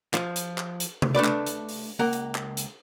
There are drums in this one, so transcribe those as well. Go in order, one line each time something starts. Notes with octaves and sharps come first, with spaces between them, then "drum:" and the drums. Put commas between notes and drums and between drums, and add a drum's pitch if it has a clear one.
F3, drum: clap
drum: hi-hat
drum: clap
drum: hi-hat
drum: tom C3
A3 D4 B4 D5
drum: clap
drum: hi-hat
drum: open hi-hat
C#2 A#3 A#4 F#5
drum: hi-hat
drum: clap
drum: hi-hat